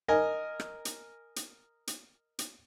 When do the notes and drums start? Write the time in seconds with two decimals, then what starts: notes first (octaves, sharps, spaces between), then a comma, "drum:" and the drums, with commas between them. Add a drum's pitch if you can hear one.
0.08 A#4 D#5 G#5
0.60 drum: rim click
0.85 drum: hi-hat
1.36 drum: hi-hat
1.87 drum: hi-hat
2.39 drum: hi-hat